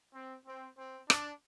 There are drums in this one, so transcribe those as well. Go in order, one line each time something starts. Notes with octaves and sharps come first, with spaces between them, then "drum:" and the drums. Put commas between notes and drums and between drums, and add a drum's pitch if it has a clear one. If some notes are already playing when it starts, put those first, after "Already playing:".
C4
C4
C4
D4, drum: rim click